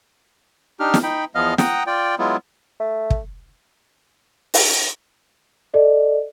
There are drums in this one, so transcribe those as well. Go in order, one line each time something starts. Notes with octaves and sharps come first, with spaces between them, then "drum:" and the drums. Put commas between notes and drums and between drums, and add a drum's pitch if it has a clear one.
D4 D#4 G4 F6
drum: snare
D#4 G5 B5
E2 F3 B3 D#5 F5 F6
F#5 G5 A#5 D#6, drum: snare
F4 D5 G5
F#3 G#3 B3 E4 F4
A3
drum: kick
drum: open hi-hat
A4 D5 D#5